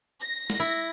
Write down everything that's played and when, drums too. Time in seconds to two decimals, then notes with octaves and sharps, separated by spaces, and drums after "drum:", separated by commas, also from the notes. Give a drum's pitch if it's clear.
0.20 A#6
0.50 drum: snare
0.60 E4